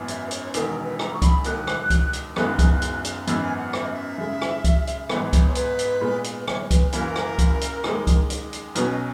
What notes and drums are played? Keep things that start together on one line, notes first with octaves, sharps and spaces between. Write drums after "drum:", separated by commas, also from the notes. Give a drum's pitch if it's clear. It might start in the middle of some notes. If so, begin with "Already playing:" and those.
Already playing: G#1 F#2 E3 B3
E5, drum: hi-hat
B4
C#5, drum: hi-hat
C#5
E1 E2 D#3 B4, drum: hi-hat
A#4
A#4
B4
A#5, drum: rim click
C#6
B5, drum: kick C#2, hi-hat
E1 D#2 D#3 F#6, drum: hi-hat
drum: rim click
drum: kick C#2, hi-hat
drum: hi-hat
F#1 F#2 D#3 G#3 B3 F#6, drum: rim click
drum: kick C#2, hi-hat
drum: hi-hat
drum: hi-hat
G#1 F#2 E3 B3 E6, drum: hi-hat
G#5
F#5
E5, drum: rim click
D#5
E5
F#2 C#3 G#3
drum: rim click
drum: kick C#2, hi-hat
drum: hi-hat
G#1 G#2 E3 B3, drum: rim click
drum: kick C#2, hi-hat
C#5
B4, drum: hi-hat
drum: hi-hat
A#2 G#3 B3
drum: hi-hat
B4
C#5, drum: rim click
C#5
B4, drum: kick C#2, hi-hat
F#1 F#2 E3 A#3 E4 A#4, drum: hi-hat
drum: rim click
drum: kick C#2, hi-hat
drum: hi-hat
D#2 D#3 G#3, drum: rim click
drum: kick C#2, hi-hat
drum: hi-hat
drum: hi-hat
B1 B2 F#3 C#4 B4, drum: hi-hat
D#5